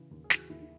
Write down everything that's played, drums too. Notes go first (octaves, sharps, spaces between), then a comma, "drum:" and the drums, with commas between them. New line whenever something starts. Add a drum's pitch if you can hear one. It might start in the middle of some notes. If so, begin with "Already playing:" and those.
Already playing: C#3 E3
D#2
G#4
E3 F#4, drum: snare
D#2 E4
E4